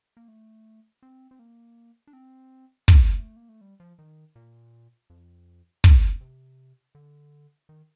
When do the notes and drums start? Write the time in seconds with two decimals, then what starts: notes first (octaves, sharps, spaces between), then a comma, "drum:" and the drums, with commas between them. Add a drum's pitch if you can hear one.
0.17 A#3
0.28 A3
1.03 C4
1.31 C4
1.39 A#3
2.07 D4
2.13 C4
2.88 A3, drum: kick
3.36 A#3
3.49 A3
3.61 G3
3.80 F3
3.99 D#3
4.36 A#2
5.10 F2
5.84 A2, drum: kick
6.21 C3
6.95 D3
7.69 D#3